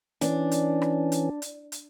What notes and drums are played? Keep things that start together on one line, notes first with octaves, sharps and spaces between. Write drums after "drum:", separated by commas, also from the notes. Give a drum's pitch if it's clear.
E3 C#4 D4, drum: hi-hat
drum: hi-hat
drum: rim click
drum: hi-hat
drum: hi-hat
drum: hi-hat